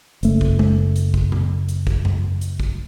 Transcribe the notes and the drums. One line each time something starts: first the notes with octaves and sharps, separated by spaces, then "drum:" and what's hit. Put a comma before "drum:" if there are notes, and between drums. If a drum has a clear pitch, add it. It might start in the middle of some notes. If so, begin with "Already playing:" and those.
F#1 A3, drum: hi-hat
drum: kick
drum: tom
drum: hi-hat
drum: kick
drum: tom A#2
drum: hi-hat
drum: kick
drum: tom F#2
drum: hi-hat
drum: kick